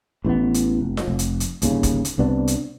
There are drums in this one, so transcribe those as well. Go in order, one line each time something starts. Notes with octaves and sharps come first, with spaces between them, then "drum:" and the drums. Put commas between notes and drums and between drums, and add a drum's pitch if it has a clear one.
A1 E3 G3 B3
drum: hi-hat
F1
drum: snare F4
F1
drum: hi-hat
drum: hi-hat
G1 D#2 C#3, drum: hi-hat
drum: kick, hi-hat
drum: hi-hat
C2 C3 B3 D4
drum: hi-hat